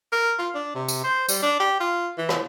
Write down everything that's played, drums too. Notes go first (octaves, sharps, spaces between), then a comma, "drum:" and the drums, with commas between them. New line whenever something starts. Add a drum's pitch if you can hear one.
A#4
F4
D4
C3
drum: tambourine
C5
G3, drum: tambourine
D4
G4
F4
E3
drum: rim click